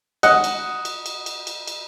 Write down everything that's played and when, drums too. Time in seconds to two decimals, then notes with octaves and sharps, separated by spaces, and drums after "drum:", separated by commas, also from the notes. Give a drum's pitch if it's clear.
0.23 D#5 F#5, drum: cymbal
0.44 drum: cymbal
0.85 drum: cymbal
1.06 drum: cymbal
1.26 drum: cymbal
1.47 drum: cymbal
1.68 drum: cymbal